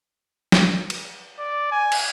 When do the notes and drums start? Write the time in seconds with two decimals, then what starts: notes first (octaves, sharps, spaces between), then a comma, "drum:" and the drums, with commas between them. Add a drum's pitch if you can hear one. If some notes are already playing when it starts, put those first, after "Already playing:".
0.52 drum: snare
0.90 drum: cymbal
1.39 D5
1.71 G#5
1.92 drum: cymbal